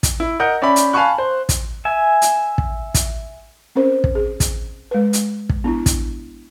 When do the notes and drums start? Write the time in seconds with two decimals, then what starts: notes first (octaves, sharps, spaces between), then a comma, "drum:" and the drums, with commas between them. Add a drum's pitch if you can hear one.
0.03 drum: kick, hi-hat
0.20 E4
0.40 A#4 D#5 F#5 G6
0.62 C#4 D5 E5 B5
0.76 drum: hi-hat
0.93 F5 G#5 A5 B5 C#6 F#6
1.18 C5
1.49 drum: kick, hi-hat
1.85 E5 G#5
2.22 drum: hi-hat
2.58 drum: kick
2.94 drum: kick, hi-hat
3.75 C4 C#4 A#4 C5
4.04 drum: kick
4.15 G#4
4.40 drum: kick, hi-hat
4.91 G#3 B4
5.13 drum: hi-hat
5.49 drum: kick
5.64 B3 D4 E4
5.86 drum: kick, hi-hat